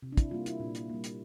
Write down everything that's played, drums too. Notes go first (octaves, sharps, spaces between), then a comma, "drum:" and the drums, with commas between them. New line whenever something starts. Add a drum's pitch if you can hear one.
C3
D4
E4, drum: kick, hi-hat
G3 A#3 F4
E4, drum: hi-hat
A#2 D4
drum: hi-hat
G3 A#3
drum: hi-hat